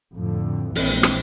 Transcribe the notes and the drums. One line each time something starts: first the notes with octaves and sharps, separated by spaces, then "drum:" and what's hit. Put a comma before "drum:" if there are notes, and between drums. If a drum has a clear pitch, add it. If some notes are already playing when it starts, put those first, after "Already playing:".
F2 A2 D3
A#1 A#2 E3 G#3 C4, drum: open hi-hat
drum: rim click